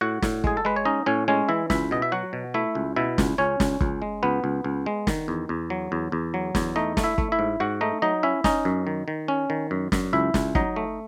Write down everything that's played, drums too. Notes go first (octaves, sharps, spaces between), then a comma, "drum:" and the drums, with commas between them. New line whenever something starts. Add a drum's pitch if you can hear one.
A2 F#4 F#5
A2, drum: snare
G#3 G#4, drum: kick
A4
G#3 B4
C#5
C#4 D#4 D#5
A2 C#4 C#5
G#3 C#4 C#5
E3 E4 E5
C#2 E4 E5, drum: snare
B2 D#5
E5
F#3 F#4 F#5
B2
A3 E4 E5
C#2
B2 E4 E5
C#2, drum: snare
C#2 C#4 C#5
C#2, drum: snare
C#2, drum: kick
G#3
C#2 B3 B4
C#2
C#2
G#3
D#3, drum: snare
E2
E2
F#3
E2
E2
F#3
E2, drum: snare
A3 D#4 D#5
A3, drum: snare
E4 E5
A3, drum: kick
E4 E5
G#2
G#2 F#4 F#5
A3 D#4 D#5
F#3 D#4 D#5
C#4 E4 E5
C#4 D#4 D#5, drum: snare
F#2
D#3
D#3
C#4
D#3
F#2
F#2, drum: snare
C#2 E4 E5
C#2, drum: snare
F#3 D#4 D#5, drum: kick
A3